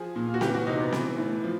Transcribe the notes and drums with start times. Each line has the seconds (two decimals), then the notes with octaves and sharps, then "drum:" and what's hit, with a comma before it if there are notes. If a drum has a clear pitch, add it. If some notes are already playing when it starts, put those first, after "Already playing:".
Already playing: F3 G#4
0.16 A#2
0.27 F4
0.34 F#4
0.41 E3 G4, drum: snare C4
0.54 F#4
0.67 C3 D#4
0.79 B3
0.92 E3, drum: snare C4
1.18 A2
1.44 F3